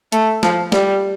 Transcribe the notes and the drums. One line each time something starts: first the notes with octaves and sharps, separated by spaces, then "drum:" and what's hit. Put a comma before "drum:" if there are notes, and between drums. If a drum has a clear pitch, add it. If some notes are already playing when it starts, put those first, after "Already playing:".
A3, drum: hi-hat
F3, drum: snare
G3, drum: snare